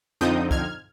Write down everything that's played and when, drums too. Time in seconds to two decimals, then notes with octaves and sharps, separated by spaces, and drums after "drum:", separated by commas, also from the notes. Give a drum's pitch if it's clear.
0.21 F2 D3 F3 C4 D#4 D#6 G6
0.51 F6 G#6, drum: kick